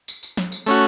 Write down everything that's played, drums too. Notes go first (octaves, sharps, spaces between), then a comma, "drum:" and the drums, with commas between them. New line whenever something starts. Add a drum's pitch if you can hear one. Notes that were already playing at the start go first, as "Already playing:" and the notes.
drum: tambourine
drum: tambourine
drum: snare
drum: tambourine
A3 C#4 F#4, drum: tambourine